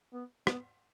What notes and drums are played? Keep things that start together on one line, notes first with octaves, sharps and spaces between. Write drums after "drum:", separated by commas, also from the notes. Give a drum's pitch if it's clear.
B3
B3, drum: rim click